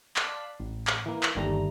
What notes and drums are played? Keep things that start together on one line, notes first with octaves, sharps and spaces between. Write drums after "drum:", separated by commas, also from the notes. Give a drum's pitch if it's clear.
D5 F5 A5 C6 F#6 B6, drum: clap
A1
drum: clap
E3 A#3
drum: clap
G1 D#2 G3 A3 A#5